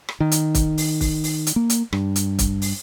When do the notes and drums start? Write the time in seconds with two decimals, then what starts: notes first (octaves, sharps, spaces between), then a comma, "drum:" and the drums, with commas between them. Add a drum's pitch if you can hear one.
0.09 drum: rim click
0.20 D#3
0.32 drum: hi-hat
0.55 drum: kick, hi-hat
0.78 drum: open hi-hat
1.01 drum: kick, open hi-hat
1.24 drum: open hi-hat
1.47 drum: hi-hat
1.56 A#3
1.70 drum: hi-hat
1.93 G2, drum: rim click
2.16 drum: hi-hat
2.39 drum: kick, hi-hat
2.62 drum: open hi-hat